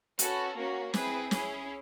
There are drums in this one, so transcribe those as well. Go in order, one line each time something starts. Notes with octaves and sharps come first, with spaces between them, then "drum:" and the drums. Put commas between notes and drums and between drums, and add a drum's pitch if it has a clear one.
C#4 F#4 A4 B4, drum: hi-hat
A#3 C#4 F#4 A#4
C4 E4 G#4 B4, drum: snare
C#4 E4 G#4, drum: snare